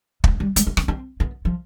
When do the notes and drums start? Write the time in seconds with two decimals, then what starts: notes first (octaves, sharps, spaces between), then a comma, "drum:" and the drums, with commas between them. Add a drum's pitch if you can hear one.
0.24 G#3, drum: kick
0.40 G3
0.56 G#3, drum: hi-hat
0.67 B3
0.77 C4, drum: rim click
0.88 C4
1.20 B3
1.45 F3